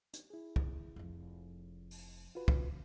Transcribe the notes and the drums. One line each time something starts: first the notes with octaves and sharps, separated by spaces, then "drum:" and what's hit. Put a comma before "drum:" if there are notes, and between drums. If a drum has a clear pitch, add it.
drum: hi-hat
E4 G#4
drum: kick
F1 F3
drum: open hi-hat
F4 F#4 B4
drum: kick